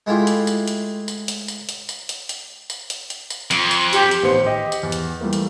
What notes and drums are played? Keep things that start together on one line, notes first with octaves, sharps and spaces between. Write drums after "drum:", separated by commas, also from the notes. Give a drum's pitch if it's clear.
G#3 A3 E4 F4 G4
drum: hi-hat
drum: hi-hat
drum: hi-hat
drum: hi-hat
drum: hi-hat
drum: hi-hat
drum: hi-hat
drum: hi-hat
drum: hi-hat
drum: hi-hat
drum: hi-hat
drum: hi-hat
drum: hi-hat
drum: hi-hat
F2, drum: hi-hat
drum: hi-hat
G4, drum: hi-hat
drum: hi-hat
A1 D#3 B3 C5 C#7
G4 D#5
drum: hi-hat
E2
drum: hi-hat
E3 G3 A3 A#3
drum: hi-hat